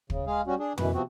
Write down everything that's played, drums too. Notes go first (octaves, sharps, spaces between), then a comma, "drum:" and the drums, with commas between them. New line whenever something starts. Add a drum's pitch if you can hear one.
C#3, drum: kick
G#3 G#4 F5
G3 C#4 F#4
D4 G#4
F#2 B2 E3 B4, drum: tom F2
C3 F3 B3 C4 F#4